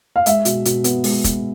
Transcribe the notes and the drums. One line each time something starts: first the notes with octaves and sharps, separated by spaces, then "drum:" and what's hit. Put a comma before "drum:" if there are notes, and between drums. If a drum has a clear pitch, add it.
F5
G#3 E5, drum: hi-hat
B2, drum: hi-hat
B2, drum: hi-hat
B3, drum: hi-hat
G#3, drum: open hi-hat
B2, drum: kick, hi-hat